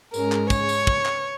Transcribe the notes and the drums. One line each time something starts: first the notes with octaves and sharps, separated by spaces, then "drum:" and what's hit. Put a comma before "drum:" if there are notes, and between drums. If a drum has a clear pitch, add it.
G#2 G#3 C#4 A#4, drum: tambourine
drum: clap
C#5, drum: kick, tambourine
drum: tambourine
drum: kick
drum: clap